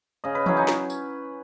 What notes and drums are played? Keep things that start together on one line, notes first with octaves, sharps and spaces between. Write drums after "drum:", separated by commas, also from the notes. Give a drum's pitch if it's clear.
C#3 D#5
B4
F#3 C#4 E4, drum: tom E3
D#4
drum: snare
drum: tambourine